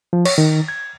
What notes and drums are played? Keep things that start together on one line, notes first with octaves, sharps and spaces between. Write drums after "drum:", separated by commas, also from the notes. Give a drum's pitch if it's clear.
F3
C#5, drum: cymbal
D#3
G#6